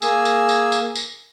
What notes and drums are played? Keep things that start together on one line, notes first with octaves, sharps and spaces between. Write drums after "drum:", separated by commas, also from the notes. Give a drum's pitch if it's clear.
A#3 G#4 G#5 E6, drum: tambourine
drum: tambourine
drum: tambourine
drum: tambourine
drum: tambourine